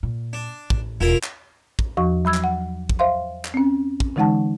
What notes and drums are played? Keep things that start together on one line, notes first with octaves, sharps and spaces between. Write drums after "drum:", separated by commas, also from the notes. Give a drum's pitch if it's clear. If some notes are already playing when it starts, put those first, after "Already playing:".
A#2
D4
A1, drum: kick
E1 E4 F4 A#4
drum: clap
drum: kick
E2 F3 F#4 C#6
F#3 B5 E6 G#6
drum: clap
F#5
drum: kick
C5 E5 F5 C6
drum: clap
C4 C#4
drum: kick
D3 E3 G#3 D#4 F#5 A5